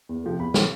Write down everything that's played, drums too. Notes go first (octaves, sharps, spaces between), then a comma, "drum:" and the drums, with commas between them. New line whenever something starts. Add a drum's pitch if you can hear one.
E2
C3 F3 A3
E2 B5
C3 E3 A3, drum: snare